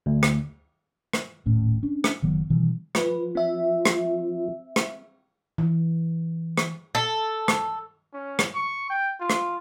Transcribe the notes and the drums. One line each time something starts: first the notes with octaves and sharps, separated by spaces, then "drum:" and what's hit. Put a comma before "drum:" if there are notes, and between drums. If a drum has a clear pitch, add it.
D2
drum: rim click
drum: rim click
D#1 A2 C#4
C#4 D4
drum: rim click
F#1 D#3 F#3 B3
B2 D#3 E3 G3
F3 B4, drum: rim click
C4 E5
drum: rim click
drum: rim click
E3
drum: rim click
A4
drum: rim click
C#4
drum: rim click
C#6
G5
F4
drum: rim click